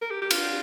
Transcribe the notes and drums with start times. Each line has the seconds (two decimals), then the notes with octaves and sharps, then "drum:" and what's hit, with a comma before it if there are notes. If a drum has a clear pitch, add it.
0.01 A#4
0.11 G4
0.22 G4
0.31 F4, drum: cymbal